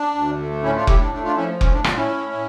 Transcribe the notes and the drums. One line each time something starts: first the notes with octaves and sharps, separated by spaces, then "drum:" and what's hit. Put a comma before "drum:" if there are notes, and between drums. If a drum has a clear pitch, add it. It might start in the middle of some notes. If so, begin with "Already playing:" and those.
Already playing: D4
D2
A3
A2 C#4 E4
D4 F4
A2 E4 G4, drum: kick F1
D4
A3 D4
D4 F4
F3 C#4 E4
A2 C#4, drum: kick F1
D4
A2 D4 F4, drum: rim click
C#4 E4
A2
A2